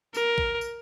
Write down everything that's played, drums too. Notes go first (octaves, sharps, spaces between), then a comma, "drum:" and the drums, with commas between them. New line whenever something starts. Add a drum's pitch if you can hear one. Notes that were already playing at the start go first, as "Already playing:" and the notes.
A#4, drum: tambourine
drum: kick A#1
drum: tambourine